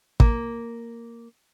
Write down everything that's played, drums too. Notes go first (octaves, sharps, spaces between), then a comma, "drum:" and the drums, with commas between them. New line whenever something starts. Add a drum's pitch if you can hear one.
A#3, drum: kick